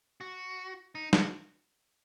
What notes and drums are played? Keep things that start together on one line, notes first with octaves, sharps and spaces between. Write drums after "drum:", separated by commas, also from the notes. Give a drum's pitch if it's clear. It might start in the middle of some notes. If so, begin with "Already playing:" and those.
F#4
D#4
F#4, drum: snare